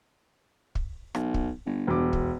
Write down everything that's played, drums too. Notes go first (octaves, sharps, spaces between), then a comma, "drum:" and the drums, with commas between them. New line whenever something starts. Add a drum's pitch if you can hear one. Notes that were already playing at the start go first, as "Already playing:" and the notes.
drum: kick
B1, drum: rim click
drum: kick
G1
E1 D6
drum: kick